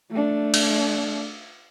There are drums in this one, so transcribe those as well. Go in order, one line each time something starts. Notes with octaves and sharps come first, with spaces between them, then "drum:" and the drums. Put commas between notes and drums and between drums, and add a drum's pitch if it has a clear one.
A3 D4
drum: cymbal